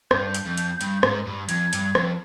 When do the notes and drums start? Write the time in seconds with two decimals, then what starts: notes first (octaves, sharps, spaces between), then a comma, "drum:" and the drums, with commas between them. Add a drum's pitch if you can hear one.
0.11 G2 G6, drum: rim click
0.35 drum: hi-hat
0.45 F2
0.57 drum: hi-hat
0.81 G2, drum: hi-hat
1.03 G#2, drum: rim click
1.27 G2
1.49 F2 G#6, drum: hi-hat
1.73 G2, drum: hi-hat
1.95 F2, drum: rim click